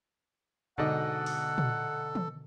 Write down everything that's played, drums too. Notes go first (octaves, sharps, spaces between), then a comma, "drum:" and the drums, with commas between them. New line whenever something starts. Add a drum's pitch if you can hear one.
G#2 B2 D3 A4 D5 D#5 F#5
drum: open hi-hat
drum: tom A#2
drum: tom